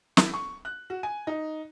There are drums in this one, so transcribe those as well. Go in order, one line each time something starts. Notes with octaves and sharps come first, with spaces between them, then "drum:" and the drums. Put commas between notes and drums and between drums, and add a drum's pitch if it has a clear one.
E4, drum: snare
C#6
F#6
F#4
G#5
D#4